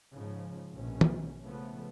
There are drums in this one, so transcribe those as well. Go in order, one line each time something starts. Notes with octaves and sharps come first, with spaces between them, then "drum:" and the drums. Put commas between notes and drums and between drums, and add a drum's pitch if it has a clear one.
G#2 C#3 F3
A#1 B2 C#4
drum: tom
C#3 F3 A3 B3